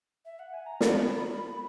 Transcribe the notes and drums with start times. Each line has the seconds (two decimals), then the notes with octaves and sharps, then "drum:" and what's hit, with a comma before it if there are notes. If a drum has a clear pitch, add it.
0.25 E5
0.39 F#5
0.53 G#5
0.66 A#5
0.81 B5, drum: snare